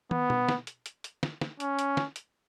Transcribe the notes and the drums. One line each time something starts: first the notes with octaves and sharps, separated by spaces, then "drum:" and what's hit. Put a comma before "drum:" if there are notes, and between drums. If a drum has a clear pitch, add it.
B3, drum: tom
drum: tom B2
drum: snare
drum: hi-hat
drum: hi-hat
drum: hi-hat
drum: snare
drum: snare
C#4, drum: hi-hat
drum: hi-hat
drum: snare
drum: hi-hat